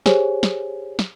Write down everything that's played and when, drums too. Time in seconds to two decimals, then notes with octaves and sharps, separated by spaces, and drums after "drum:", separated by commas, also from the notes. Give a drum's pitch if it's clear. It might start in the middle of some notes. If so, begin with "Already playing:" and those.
0.06 G4 G#4 C5 C#5 G#5, drum: snare
0.43 drum: snare
0.99 drum: snare